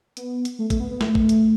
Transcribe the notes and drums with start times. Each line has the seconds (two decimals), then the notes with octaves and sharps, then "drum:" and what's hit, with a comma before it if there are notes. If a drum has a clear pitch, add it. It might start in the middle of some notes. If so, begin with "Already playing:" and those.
0.17 B3, drum: hi-hat
0.45 drum: hi-hat
0.59 A3
0.70 A3, drum: kick, hi-hat
0.80 B3
0.91 B3
1.01 A3, drum: snare
1.15 drum: kick
1.29 drum: hi-hat